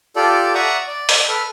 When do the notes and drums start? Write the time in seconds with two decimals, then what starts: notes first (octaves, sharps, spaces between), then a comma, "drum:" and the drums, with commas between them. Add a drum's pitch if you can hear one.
0.16 F4 G4 A4 D5
0.55 D5 E5 F#5 A#5 C#6 D#6
0.87 D5
1.09 drum: open hi-hat
1.29 A4 B4 F6